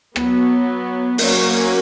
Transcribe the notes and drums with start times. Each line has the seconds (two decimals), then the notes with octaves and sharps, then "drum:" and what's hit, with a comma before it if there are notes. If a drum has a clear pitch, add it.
0.16 F#3 B3, drum: rim click
1.18 F#3 A#3 C#4, drum: open hi-hat